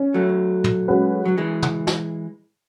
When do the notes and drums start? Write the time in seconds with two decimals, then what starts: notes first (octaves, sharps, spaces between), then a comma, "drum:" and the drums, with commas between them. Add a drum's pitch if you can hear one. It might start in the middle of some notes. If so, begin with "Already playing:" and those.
Already playing: C#4
0.14 F#3 A3
0.64 drum: tom
0.88 G#3 C#4 F#4 B4
1.26 F#3
1.38 E3 G#3
1.62 drum: tom
1.87 drum: snare